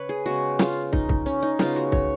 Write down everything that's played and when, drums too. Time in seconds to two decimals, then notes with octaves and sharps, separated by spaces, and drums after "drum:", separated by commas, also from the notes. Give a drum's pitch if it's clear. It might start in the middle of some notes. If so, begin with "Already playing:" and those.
Already playing: C#3 B4 C#5
0.09 G#4
0.26 C#3 G#3 B3 F#4
0.59 F4, drum: snare
0.93 D#4, drum: kick
1.09 drum: kick
1.26 C#4
1.43 D#4
1.59 C#3 G#3 B3 F4, drum: snare
1.76 F#4
1.92 C#5, drum: kick